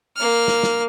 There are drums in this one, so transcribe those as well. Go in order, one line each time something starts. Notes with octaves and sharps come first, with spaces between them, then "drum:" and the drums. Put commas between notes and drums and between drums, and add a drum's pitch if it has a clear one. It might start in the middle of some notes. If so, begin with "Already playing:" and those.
A#3 F6
drum: snare
drum: snare